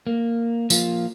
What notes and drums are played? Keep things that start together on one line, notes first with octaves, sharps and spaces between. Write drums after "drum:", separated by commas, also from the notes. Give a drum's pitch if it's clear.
A#3
F3 A#3 F4, drum: tambourine